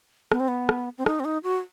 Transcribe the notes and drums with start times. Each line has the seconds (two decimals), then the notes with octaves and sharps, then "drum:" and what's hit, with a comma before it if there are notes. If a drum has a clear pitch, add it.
0.32 B3, drum: rim click
0.40 C4
0.48 B3
0.69 drum: rim click
0.98 C4
1.06 D#4, drum: rim click
1.20 C4
1.25 D#4
1.44 F#4